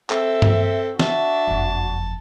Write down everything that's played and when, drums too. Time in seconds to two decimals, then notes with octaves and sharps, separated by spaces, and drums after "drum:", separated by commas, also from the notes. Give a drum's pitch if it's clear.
0.10 C4 A4 E5, drum: clap
0.42 drum: tom G2
0.99 D4 F#4 E5 A5, drum: snare
1.47 F#1 F2